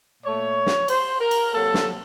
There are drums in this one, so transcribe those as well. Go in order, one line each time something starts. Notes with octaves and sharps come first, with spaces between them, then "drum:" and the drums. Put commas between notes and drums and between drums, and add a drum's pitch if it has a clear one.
A#2 A3 C#5
drum: snare
C5, drum: cymbal
A#4
drum: cymbal
C3 F#3 A#3 A4
drum: snare